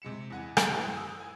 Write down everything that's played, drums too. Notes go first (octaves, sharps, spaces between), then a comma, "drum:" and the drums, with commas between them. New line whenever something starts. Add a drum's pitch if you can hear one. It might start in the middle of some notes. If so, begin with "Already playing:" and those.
C3 G#3 C#7 E7
E2 F#5 G#5
B1 F#2 D6 F#6 A6, drum: rim click
F#1 E4 G4
D#6 E6
G#5